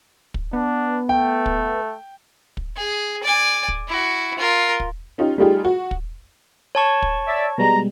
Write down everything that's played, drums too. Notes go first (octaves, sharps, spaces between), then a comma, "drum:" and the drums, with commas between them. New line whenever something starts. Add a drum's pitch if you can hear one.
drum: kick
B3 D4
A3 G5
drum: kick
drum: kick
G#4
D5 G#5
drum: kick
E4 F#4
F4 A#4
drum: kick
C#4 D#4 F4 G4
G3 A3 D#4 F4 G4 G#4
F#4
drum: kick
C#5 A5 C#6
drum: kick
D5 E5
B2 G3 G#3 A#5